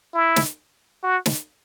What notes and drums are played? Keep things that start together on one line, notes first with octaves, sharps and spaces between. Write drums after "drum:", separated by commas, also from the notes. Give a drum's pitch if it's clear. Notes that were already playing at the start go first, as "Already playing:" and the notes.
E4
drum: snare
F#4
drum: snare